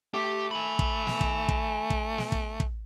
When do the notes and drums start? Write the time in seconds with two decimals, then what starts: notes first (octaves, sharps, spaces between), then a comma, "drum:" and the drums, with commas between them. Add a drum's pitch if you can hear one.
0.14 A3 G4
0.51 G#5 B5
0.79 drum: kick
1.07 drum: snare
1.21 drum: kick
1.49 drum: kick
1.90 drum: kick
2.18 drum: snare
2.32 drum: kick
2.60 drum: kick